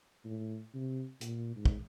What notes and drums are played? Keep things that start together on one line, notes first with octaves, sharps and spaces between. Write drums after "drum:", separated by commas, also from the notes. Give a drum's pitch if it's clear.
A2
C3
A#2, drum: hi-hat
G#2
drum: kick